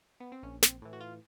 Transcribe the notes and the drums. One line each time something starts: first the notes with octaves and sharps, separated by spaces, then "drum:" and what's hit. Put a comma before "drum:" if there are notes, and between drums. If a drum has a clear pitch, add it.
B3
C4
A#1 C#4
C4, drum: snare
A2 E3
F#4
F4